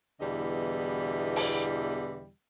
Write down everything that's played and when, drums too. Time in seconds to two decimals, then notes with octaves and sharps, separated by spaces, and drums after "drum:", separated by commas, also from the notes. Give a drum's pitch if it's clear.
0.20 E2 B2 D3 E3 G3 D#5
1.36 drum: open hi-hat